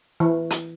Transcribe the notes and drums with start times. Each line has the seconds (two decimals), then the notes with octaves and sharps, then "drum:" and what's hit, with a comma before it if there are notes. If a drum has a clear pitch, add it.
0.20 E3
0.50 drum: hi-hat